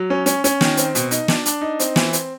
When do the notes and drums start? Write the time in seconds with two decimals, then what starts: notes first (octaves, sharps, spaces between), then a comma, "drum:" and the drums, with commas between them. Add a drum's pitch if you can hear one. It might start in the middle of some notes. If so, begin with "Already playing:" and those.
Already playing: F#3
0.10 C#4
0.26 C#4, drum: hi-hat
0.44 C#4, drum: hi-hat
0.61 D#3, drum: snare
0.77 C4, drum: hi-hat
0.95 B2, drum: hi-hat
1.11 D#4, drum: hi-hat
1.28 D4, drum: snare
1.45 D4, drum: hi-hat
1.61 D#4
1.80 C4, drum: hi-hat
1.96 E3, drum: snare
2.13 C4, drum: hi-hat